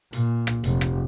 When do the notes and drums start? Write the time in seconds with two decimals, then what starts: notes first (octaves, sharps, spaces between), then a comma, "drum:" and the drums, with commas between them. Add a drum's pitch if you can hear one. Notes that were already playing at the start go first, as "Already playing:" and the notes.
0.13 A#2, drum: hi-hat
0.47 drum: rim click
0.64 F1, drum: hi-hat
0.81 drum: rim click